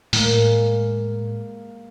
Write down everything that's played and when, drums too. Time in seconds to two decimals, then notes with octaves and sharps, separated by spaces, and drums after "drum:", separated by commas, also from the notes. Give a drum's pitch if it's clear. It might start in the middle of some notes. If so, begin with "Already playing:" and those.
0.13 A2 G#3 A#3, drum: open hi-hat